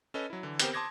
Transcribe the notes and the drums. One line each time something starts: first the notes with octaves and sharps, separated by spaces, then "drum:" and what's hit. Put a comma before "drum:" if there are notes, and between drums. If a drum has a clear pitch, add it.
C#4 A4 B4 D#5
F#3 E4
D3 E3
B3 C4 G4 A#4 C5, drum: hi-hat
A5 C6 D6 D#6 G#6 A#6